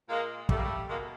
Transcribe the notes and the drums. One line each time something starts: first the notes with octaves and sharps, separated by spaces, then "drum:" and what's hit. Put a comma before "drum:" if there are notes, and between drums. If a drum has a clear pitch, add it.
A#2 G#3 A#3
G3 A3, drum: kick
A#3
A3
B2 G#3 A#3